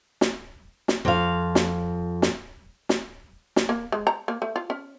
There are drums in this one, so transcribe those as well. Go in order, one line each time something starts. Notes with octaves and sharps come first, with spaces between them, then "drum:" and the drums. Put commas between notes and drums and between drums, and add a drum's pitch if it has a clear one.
drum: snare
drum: snare
F2 F5
drum: snare
drum: snare
drum: snare
drum: snare
A#3
G#3
A#5
A#3
A3
F4
C#4